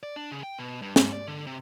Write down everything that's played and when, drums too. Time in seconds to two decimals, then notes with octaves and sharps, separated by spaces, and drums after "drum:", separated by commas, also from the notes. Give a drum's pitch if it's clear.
0.03 D5
0.16 D4
0.31 C#3
0.43 G5
0.58 B2
0.82 G2
0.96 G#2, drum: snare
1.13 D5
1.28 D3
1.47 C3